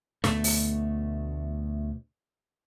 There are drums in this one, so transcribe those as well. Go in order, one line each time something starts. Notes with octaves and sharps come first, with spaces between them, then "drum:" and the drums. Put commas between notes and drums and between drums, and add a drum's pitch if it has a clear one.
D2 B2 A3, drum: snare
drum: open hi-hat